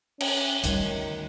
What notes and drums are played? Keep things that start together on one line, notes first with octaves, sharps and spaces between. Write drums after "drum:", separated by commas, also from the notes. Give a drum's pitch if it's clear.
C#4, drum: cymbal
D2 D#3 G3, drum: hi-hat